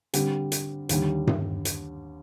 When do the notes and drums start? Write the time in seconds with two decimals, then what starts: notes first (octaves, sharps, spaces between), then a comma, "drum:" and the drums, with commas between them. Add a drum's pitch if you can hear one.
0.14 D3 G3 C4 G4, drum: hi-hat
0.52 drum: hi-hat
0.89 D#2 D3 G3, drum: hi-hat
1.27 drum: tom G2
1.65 drum: hi-hat